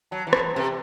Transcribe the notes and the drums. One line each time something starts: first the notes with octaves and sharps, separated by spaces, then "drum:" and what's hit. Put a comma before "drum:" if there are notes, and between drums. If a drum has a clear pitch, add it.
F#3 A5
A#5
E3
A5, drum: rim click
A#5
C3 G5 A5